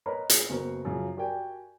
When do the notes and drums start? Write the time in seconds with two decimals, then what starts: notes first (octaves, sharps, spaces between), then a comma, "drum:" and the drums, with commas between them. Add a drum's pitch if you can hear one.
0.06 A#4 B4 C#5 D#5 A#5 B5
0.30 G#4 C7 C#7, drum: hi-hat
0.49 F#1 B3 F#4 A#4 C5
0.85 F#2 C#3 F3
1.17 F#4 G4 A#4 D5 G5 G#5